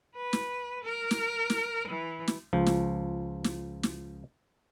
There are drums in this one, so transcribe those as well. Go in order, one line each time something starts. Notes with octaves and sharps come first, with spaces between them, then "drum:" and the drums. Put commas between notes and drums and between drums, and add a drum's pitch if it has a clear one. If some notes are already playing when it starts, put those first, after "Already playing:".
B4
drum: snare
A#4
drum: snare
drum: snare
E3
drum: snare
C#2 F3
drum: snare
drum: snare
drum: snare